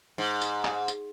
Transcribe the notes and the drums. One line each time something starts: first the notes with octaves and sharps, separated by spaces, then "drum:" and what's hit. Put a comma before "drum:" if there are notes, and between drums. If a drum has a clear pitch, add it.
G#2
drum: tambourine
drum: clap
drum: tambourine